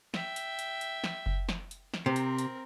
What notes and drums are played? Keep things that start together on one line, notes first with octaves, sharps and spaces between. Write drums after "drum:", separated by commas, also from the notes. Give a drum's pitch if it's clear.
E5 G5, drum: snare
drum: hi-hat
drum: hi-hat
drum: hi-hat
drum: snare
drum: kick F#1
drum: snare
drum: hi-hat
drum: snare
C3 C4 A#4
drum: hi-hat
drum: hi-hat